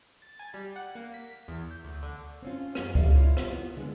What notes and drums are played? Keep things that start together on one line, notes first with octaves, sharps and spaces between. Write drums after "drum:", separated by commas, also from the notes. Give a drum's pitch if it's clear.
A6
G#5
G3
F#5
A#3
B6
E2
G6
D2
D3
C4 C#4 F4
F#2 G#3, drum: rim click
G4 A4 B4 D5 E5 F5, drum: kick C#2
G2 E4 F4 C#5
drum: rim click
B3
D3 G#3 A#3